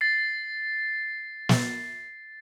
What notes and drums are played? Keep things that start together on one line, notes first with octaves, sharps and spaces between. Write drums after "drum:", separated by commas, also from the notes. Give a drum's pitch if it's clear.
A6 C7
drum: snare